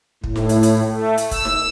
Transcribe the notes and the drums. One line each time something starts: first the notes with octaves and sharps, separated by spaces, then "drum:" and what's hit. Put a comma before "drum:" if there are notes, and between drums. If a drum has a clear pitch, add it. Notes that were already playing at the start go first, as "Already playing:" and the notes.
A2, drum: kick
drum: snare D#4
drum: hi-hat
drum: hi-hat
A3
drum: hi-hat
E6, drum: kick, hi-hat
drum: snare D#4